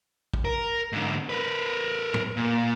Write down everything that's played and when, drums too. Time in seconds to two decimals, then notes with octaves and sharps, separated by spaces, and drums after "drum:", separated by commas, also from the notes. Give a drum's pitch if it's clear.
0.34 drum: kick
0.45 A#4
0.92 G#2 D3
1.29 A#4 B4
2.14 drum: tom
2.37 A#2